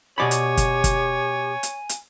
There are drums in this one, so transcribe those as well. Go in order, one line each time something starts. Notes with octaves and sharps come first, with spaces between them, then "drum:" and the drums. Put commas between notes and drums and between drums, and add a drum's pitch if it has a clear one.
B2 G4 C#5 D5 G#5 B5
drum: hi-hat
drum: kick, hi-hat
drum: kick, hi-hat
drum: hi-hat
drum: hi-hat